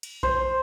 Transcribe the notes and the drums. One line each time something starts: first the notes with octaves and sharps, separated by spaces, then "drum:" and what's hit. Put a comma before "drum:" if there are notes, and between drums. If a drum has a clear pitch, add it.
drum: cymbal
C5, drum: kick A#1